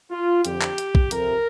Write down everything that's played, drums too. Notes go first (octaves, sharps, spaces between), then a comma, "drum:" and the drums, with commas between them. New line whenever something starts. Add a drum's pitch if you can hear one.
F4
F2 D3 G4, drum: hi-hat
drum: clap
drum: hi-hat
drum: kick B1
F2 C3 A#4, drum: hi-hat